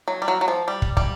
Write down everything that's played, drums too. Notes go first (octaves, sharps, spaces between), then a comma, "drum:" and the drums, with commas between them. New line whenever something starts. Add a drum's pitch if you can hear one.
F#3
G3
F#3
F#3
F3
G3
drum: kick
G3, drum: kick